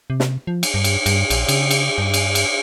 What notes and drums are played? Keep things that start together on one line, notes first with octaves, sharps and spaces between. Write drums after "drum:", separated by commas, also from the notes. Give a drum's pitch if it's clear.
C3
drum: snare
F3
drum: cymbal
G2
drum: cymbal
G2, drum: cymbal
A#1, drum: cymbal
C#3, drum: cymbal
drum: cymbal
G2
drum: cymbal
drum: cymbal